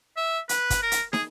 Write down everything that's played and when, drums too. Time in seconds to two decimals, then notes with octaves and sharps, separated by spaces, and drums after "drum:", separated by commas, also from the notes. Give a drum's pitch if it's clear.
0.17 E5
0.49 B4, drum: hi-hat
0.70 drum: kick, hi-hat
0.82 A#4
0.92 drum: hi-hat
1.13 G#4, drum: snare